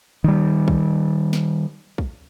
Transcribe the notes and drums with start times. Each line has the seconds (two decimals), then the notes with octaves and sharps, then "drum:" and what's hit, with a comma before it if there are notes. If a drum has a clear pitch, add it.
0.24 D#3 G3
0.68 drum: kick
1.33 drum: snare
1.98 drum: kick